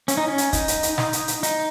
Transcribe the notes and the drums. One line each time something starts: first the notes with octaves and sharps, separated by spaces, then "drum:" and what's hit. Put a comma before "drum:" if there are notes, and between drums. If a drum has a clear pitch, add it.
C#4, drum: hi-hat
D#4
C#4
drum: hi-hat
D#4, drum: kick, hi-hat
drum: hi-hat
drum: hi-hat
drum: snare
drum: hi-hat
drum: hi-hat
D#4, drum: hi-hat